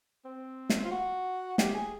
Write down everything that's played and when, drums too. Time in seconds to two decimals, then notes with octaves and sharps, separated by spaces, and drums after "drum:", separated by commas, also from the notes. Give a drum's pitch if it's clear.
0.25 C4
0.70 drum: snare
0.85 F4
0.91 F#4
1.58 G4, drum: snare
1.75 G#4